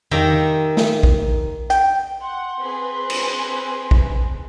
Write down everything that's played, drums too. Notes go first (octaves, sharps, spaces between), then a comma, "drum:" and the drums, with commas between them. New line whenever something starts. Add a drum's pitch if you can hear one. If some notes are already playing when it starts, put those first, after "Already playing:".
D#3 G4 E5 A#5, drum: tom E2
drum: snare
drum: kick A#1
G5, drum: hi-hat
F#5 C6
C4 G#4 B4
drum: cymbal
drum: kick A#1